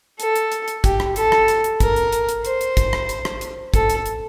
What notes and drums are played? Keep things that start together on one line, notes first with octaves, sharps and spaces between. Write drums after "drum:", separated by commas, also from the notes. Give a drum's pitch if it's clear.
A4, drum: hi-hat
drum: hi-hat
drum: hi-hat
drum: hi-hat
G4, drum: kick, hi-hat
drum: rim click
A4, drum: hi-hat
drum: rim click
drum: hi-hat
drum: hi-hat
A#4, drum: kick, hi-hat
drum: hi-hat
drum: hi-hat
drum: hi-hat
C5, drum: hi-hat
drum: hi-hat
drum: kick, hi-hat
drum: rim click
drum: hi-hat
drum: rim click
drum: hi-hat
A4, drum: kick, hi-hat
drum: hi-hat
drum: hi-hat